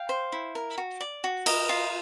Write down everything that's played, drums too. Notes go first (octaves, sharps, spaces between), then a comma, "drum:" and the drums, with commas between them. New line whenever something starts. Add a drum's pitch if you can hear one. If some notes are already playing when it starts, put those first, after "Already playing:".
Already playing: F5 G5
C5
E4
A#4
F#4
D5
F#4
A#4 D#5, drum: cymbal
F4